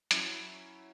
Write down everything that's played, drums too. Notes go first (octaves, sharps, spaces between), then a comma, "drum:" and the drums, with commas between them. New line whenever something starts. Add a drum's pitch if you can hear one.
F#3 C#4 E4, drum: hi-hat